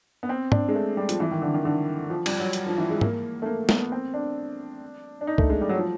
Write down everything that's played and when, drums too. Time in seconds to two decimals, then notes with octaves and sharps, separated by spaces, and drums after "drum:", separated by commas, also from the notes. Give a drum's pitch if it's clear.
0.23 B3
0.29 C4
0.52 D4, drum: tom
0.69 G#3
0.75 A3
0.97 G3
1.09 F3, drum: hi-hat
1.20 E3
1.31 D#3
1.42 D3
1.54 D#3
1.65 D3
2.10 F3
2.26 G3, drum: cymbal
2.40 F#3
2.53 drum: hi-hat
2.67 F3
2.78 E3
2.90 G#3
3.01 A#3, drum: tom
3.42 A3
3.46 A#3
3.69 B3, drum: snare
3.92 C4
4.14 D4
5.21 D4
5.27 D#4
5.38 A3, drum: kick C#2
5.50 G#3
5.61 G3
5.69 F#3
5.77 F3